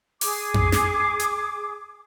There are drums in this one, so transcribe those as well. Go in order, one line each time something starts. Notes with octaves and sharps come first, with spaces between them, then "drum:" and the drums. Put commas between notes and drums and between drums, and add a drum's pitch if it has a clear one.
G#4 D6, drum: open hi-hat
drum: tom F2
drum: snare
drum: hi-hat